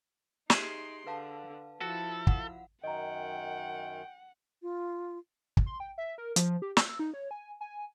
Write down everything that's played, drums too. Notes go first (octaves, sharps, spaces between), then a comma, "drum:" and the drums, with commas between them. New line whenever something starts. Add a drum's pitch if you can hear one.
D#4 G4 G#4 E5 C6 D7 F#7, drum: snare
D3 B4 F5 A5
F3 E4 F#4 A4
F5 F#5, drum: kick
F#2 D#3 D#5 F#5 G5 A#5
F4
drum: kick
C6
G5
E5
A#4
F3, drum: hi-hat
G4
E6, drum: snare
D#4
C#5
G#5
G#5